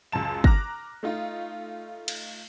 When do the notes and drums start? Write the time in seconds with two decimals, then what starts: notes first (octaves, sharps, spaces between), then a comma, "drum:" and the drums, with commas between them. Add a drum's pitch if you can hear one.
0.12 C#2 F#2 A5 E7
0.44 A#5 D6 F6 F#6 A#6, drum: kick
1.03 A3 D#4 F4
2.08 drum: cymbal